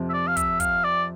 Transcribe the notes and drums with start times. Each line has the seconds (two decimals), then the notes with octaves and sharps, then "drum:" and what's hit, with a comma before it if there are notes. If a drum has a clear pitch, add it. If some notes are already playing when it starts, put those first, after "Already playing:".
Already playing: F2 C3 F3
0.09 E5
0.13 D5
0.27 F5
0.37 E5, drum: kick, hi-hat
0.60 F5, drum: kick, hi-hat
0.84 D5